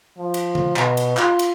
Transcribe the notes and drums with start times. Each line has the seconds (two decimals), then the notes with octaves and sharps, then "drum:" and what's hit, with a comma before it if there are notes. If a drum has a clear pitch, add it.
0.18 F3
0.34 drum: cymbal
0.55 drum: tom D3
0.76 B2, drum: clap
0.97 drum: cymbal
1.17 F4, drum: clap
1.39 drum: cymbal